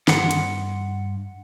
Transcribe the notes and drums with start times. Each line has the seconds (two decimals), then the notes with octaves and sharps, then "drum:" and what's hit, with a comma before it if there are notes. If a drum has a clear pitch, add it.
0.08 G2 F#5 C6, drum: snare
0.31 drum: hi-hat